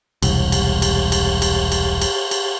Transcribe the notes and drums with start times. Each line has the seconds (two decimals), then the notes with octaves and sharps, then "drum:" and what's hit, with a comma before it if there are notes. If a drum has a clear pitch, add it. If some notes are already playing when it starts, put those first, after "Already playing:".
0.22 E1 C2, drum: cymbal
0.52 drum: cymbal
0.82 drum: cymbal
1.12 drum: cymbal
1.42 drum: cymbal
1.72 drum: cymbal
2.01 drum: cymbal
2.31 drum: cymbal